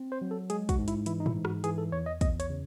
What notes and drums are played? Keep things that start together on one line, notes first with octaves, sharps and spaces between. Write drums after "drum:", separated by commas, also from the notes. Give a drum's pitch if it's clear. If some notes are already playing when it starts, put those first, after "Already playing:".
Already playing: C4
C5
F#3
A4
G#3 G#4, drum: hi-hat
F#4, drum: kick, hi-hat
G#2
E4, drum: hi-hat
E3 E4, drum: hi-hat
D#4
E4, drum: tom
G#2
F#4, drum: rim click
E3 G#4, drum: hi-hat
A4
E2 C#5
D#5
E2 D#5, drum: kick, hi-hat
C#5, drum: hi-hat
C#3